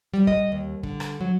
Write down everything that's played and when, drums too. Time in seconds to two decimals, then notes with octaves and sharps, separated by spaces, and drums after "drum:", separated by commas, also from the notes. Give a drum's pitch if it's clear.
0.14 G3
0.27 D#5, drum: kick
0.52 D#2
0.83 D3, drum: kick
1.00 drum: rim click
1.21 F#3